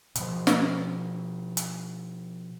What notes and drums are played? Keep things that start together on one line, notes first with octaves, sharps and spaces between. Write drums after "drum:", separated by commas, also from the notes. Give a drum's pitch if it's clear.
B2 F3, drum: hi-hat
drum: snare
drum: hi-hat